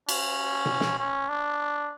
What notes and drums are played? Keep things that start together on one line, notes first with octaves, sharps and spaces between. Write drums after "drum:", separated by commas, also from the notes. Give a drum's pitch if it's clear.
C#4, drum: cymbal
drum: tom B2
drum: snare
C#4
D4